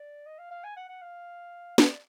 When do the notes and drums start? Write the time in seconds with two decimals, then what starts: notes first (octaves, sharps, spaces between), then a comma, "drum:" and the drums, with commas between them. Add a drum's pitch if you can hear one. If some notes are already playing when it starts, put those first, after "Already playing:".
Already playing: D5
0.26 D#5
0.39 F5
0.51 F5
0.64 G#5
0.77 F#5
0.89 F#5
1.02 F5
1.78 D5, drum: snare